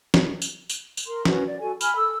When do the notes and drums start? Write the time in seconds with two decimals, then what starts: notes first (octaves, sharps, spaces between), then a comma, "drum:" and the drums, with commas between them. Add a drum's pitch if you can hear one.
0.14 drum: snare
0.42 drum: tambourine
0.69 drum: tambourine
0.97 drum: tambourine
1.07 A#4 C6
1.25 C#4 F#4 B4, drum: snare
1.46 D5
1.59 F#4 A4 G#5
1.81 G#5 B5 F6, drum: tambourine
1.95 A4 E6